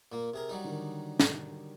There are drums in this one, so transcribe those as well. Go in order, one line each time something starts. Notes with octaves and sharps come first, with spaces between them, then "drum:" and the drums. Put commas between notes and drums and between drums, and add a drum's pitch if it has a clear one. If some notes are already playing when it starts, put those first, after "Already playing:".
A#2 A#3
C3 G#4 A#4
F#3 G3 D#4
D3 D#3 A#4
drum: snare